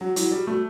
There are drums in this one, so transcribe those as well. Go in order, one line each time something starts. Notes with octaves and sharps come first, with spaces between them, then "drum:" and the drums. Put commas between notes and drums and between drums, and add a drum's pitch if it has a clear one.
F#3 F#4
F#3 E4, drum: hi-hat
G3 F#4
A3 F#4